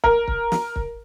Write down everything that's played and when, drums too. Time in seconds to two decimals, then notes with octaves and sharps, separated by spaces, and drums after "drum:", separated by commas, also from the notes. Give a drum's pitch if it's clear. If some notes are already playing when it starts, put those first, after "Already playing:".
0.04 A#4, drum: kick
0.28 drum: kick
0.52 drum: snare
0.76 drum: kick